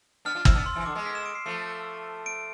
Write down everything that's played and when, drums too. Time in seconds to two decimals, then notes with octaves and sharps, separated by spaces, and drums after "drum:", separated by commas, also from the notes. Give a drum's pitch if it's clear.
0.25 B3 D4 F6
0.35 D4 F4
0.45 C4 E4 E6, drum: kick
0.55 B3 D4
0.66 C6
0.75 C3 E3
0.85 D3 D6
0.95 G#3 B3
1.05 B6
1.15 E7
1.26 D7
1.35 C7
1.46 F3 A3 C7
2.26 D7